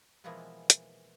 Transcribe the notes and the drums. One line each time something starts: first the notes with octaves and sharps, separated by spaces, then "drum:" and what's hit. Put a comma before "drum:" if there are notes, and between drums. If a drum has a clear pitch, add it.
B2 E3 F3 G#3 A#3 B3
drum: hi-hat